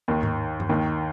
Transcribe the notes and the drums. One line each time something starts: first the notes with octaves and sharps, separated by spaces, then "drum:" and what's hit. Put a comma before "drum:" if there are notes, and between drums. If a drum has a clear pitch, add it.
D#2 D#3
drum: tom G#2
drum: tom G2
D#2 D#3